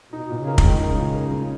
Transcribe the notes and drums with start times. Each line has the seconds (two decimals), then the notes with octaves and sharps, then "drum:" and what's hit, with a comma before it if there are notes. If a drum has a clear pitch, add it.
0.12 B2 D#4
0.24 B2
0.30 A#2
0.36 C#3
0.47 A#4
0.58 D#3, drum: kick
0.64 G#3
0.80 C#3 D#4
0.97 A#2
1.15 A#4
1.31 G#3